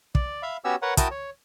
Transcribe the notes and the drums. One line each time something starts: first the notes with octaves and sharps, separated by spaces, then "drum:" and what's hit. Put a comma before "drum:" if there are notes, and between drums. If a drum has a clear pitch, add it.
D5, drum: kick
E5 F5 B5
B3 C#4 F#4 G4 C#5 E6
A#4 B4 C#5 F#5
E4 F#4 A#4 G5 A5 D#6, drum: kick, hi-hat
C#5